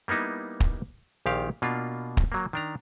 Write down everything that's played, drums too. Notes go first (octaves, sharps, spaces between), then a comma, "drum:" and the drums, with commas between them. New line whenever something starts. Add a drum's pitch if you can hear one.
G3 A#3 B3 D#4 E4
drum: kick
A#1 A#2 D#3 G4 F5
B2 A#3 D4 F4
drum: kick
F#3 A#3
D#3 D4 A#5